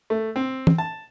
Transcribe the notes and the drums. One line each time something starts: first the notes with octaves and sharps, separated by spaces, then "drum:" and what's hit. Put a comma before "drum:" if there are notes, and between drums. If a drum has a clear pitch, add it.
A3
C4
drum: tom
A5